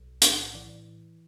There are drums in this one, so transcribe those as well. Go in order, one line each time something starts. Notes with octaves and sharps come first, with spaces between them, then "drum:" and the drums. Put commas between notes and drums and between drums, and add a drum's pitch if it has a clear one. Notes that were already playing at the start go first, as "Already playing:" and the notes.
Already playing: B1
A2, drum: hi-hat
F#5
E3 D5